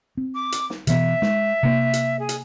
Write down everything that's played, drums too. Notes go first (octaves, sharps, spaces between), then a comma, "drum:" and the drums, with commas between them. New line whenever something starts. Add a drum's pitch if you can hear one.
C4
D6
drum: hi-hat
drum: snare
B2 E3 B3 E5, drum: hi-hat
G#3, drum: snare
C3 A#3
drum: hi-hat
G#4
drum: hi-hat